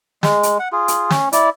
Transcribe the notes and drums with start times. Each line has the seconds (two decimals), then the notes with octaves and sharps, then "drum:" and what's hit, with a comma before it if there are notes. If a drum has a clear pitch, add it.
0.23 G#3, drum: snare
0.43 drum: hi-hat
0.59 F#5
0.72 F4 G#4
0.88 drum: hi-hat
1.10 C#4, drum: snare
1.33 E4 D5, drum: hi-hat